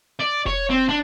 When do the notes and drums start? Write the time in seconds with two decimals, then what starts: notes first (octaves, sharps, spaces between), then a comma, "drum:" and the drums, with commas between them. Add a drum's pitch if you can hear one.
0.20 D5
0.46 C#5, drum: kick F1
0.70 C4
0.89 D4